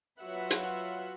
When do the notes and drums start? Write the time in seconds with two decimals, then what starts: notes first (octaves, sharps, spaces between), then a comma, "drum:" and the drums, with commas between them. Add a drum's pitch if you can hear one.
0.21 F#3 F4 F#4 B4 E5 F#5
0.50 drum: hi-hat